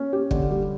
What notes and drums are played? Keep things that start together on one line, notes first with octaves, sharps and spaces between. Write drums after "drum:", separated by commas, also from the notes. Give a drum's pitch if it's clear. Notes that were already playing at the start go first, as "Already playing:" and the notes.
Already playing: C#4
G4
D3, drum: kick
G3